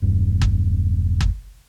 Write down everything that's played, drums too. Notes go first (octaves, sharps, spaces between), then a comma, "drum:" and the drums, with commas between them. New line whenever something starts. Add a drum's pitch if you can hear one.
E1 G2
drum: kick
drum: kick